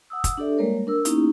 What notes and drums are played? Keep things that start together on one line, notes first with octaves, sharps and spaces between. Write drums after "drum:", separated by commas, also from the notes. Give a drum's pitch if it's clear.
F#5 D#6 E6
drum: kick, hi-hat
D4 G4 A4 D5 E5
G3 G#3 A#3 A#4 C#5
D4 A#4 E6
A#3 B3 C#4 D#4 E4 G4, drum: hi-hat